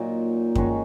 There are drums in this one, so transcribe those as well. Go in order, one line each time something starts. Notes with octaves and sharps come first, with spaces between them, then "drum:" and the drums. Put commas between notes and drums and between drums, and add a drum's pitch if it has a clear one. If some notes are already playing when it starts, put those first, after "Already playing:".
Already playing: A#2 F#3 A#3 D#4
D#3 G#3 C#4 F#4, drum: kick F#2